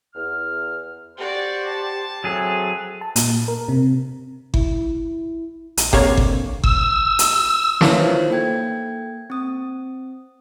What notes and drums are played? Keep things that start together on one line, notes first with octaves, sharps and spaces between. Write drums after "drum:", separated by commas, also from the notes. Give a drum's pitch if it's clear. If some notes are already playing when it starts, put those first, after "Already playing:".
E2 F6
F#4 G4 C5 D5
A5
F#3 C4 G#4 A4 E5
A5
A#2, drum: hi-hat
A#4
C3
E4, drum: kick G1
A#1, drum: hi-hat
D3 A#3 C4 C#5, drum: kick G1
drum: kick G1
E6, drum: kick G1
drum: hi-hat
E4 A#4 B4 C#5 E5 F5, drum: snare
D#4 F4 C5
A#3 A4 G5 G#6
C4 D#6